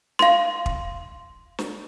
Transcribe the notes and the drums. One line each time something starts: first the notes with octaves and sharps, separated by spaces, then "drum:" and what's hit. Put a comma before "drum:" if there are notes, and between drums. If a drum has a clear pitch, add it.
F5 C6, drum: snare
drum: kick
drum: snare